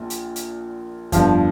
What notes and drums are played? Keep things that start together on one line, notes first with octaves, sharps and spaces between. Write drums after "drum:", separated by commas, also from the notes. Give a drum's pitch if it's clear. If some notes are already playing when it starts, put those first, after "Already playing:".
Already playing: A#1 A#2
drum: hi-hat
drum: hi-hat
G1 G2 F3 F5, drum: kick F2, hi-hat